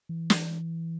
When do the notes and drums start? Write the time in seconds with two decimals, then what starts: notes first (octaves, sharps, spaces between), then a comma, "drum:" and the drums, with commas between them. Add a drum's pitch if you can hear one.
0.09 E3
0.30 drum: snare